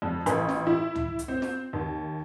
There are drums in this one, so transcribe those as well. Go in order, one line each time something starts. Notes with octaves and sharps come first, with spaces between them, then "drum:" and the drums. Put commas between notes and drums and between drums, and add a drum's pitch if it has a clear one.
F2
A1, drum: hi-hat
drum: snare
E4
drum: tom
drum: hi-hat
C4
drum: snare
D#2